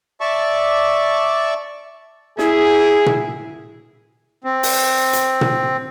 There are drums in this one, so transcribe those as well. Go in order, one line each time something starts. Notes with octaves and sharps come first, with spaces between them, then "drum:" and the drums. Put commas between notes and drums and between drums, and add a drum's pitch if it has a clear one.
D5 E5 A5 C#6
E4 G#4, drum: snare
drum: tom A#2
C4
drum: open hi-hat
drum: hi-hat
drum: tom A#2